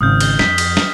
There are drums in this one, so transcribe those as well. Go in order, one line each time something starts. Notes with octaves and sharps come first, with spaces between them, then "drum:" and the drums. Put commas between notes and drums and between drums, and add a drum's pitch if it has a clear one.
G#1 C#3 D#6 F6 G6
G6 G7, drum: cymbal
F2 B6, drum: snare
drum: cymbal
drum: snare